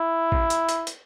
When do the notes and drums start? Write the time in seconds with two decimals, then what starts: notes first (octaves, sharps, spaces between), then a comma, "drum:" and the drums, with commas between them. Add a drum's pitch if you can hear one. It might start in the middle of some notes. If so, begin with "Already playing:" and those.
Already playing: E4
0.32 drum: kick A1
0.50 drum: hi-hat
0.69 drum: hi-hat
0.87 drum: hi-hat